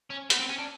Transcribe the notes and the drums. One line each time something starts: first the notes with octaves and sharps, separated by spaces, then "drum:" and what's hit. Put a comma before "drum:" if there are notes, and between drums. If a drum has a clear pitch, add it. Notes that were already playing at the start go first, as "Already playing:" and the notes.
C#4
B3, drum: hi-hat
C4
C#4
D4